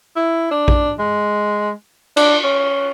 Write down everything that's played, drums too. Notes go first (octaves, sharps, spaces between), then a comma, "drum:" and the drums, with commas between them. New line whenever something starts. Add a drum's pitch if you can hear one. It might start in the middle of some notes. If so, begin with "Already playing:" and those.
E4
D4
drum: kick A#1
G#3
D4, drum: cymbal
C#4